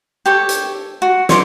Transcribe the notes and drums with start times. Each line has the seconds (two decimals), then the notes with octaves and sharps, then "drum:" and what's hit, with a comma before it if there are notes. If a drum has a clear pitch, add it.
0.26 G4 A4 C#5
0.49 drum: hi-hat
1.02 F#4
1.29 C#5 C6 D6, drum: snare